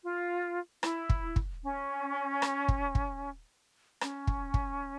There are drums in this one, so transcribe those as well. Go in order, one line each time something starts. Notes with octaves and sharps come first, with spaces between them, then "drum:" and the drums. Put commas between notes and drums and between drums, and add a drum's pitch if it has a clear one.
F4
E4, drum: rim click
drum: kick
drum: kick
C#4
drum: rim click
drum: kick
drum: kick
C#4, drum: rim click
drum: kick
drum: kick